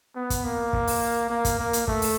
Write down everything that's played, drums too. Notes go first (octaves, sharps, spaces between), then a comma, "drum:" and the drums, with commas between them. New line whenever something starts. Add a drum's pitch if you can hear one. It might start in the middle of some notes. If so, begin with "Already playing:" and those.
B3
drum: kick, hi-hat
A#3
drum: kick
drum: open hi-hat
A#3
drum: kick, hi-hat
A#3
drum: hi-hat
A3, drum: kick
drum: open hi-hat